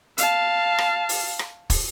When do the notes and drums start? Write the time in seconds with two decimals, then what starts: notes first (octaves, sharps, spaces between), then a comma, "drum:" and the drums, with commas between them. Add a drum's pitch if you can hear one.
0.18 F5 A5, drum: hi-hat
0.78 drum: rim click
1.09 drum: open hi-hat
1.39 drum: rim click
1.70 drum: kick, open hi-hat